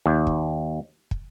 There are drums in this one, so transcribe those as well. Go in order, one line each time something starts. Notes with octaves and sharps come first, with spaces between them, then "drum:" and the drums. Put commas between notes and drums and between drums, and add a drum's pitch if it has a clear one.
D#2
drum: kick
drum: kick